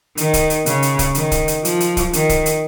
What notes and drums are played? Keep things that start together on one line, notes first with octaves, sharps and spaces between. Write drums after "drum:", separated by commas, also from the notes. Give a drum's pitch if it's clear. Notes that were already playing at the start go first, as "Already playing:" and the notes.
D#3, drum: hi-hat
drum: kick, hi-hat
drum: hi-hat
C#3, drum: hi-hat
drum: hi-hat
drum: kick, hi-hat
D#3, drum: hi-hat
drum: kick, hi-hat
drum: hi-hat
F3, drum: hi-hat
drum: hi-hat
drum: kick, hi-hat
D#3, drum: hi-hat
drum: kick, hi-hat
drum: hi-hat